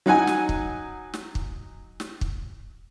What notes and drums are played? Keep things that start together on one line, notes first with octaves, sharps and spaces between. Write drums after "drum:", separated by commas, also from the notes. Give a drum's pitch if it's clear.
F#3 D#4 F#5 G#5
drum: snare
drum: kick
drum: snare
drum: kick
drum: snare
drum: kick